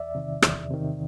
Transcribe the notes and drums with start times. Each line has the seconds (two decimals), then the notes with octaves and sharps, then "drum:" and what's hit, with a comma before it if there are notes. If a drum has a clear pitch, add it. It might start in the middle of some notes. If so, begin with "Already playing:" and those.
Already playing: E2 D5 E5
0.15 C3 D#3
0.42 E2, drum: rim click
0.71 C3 D#3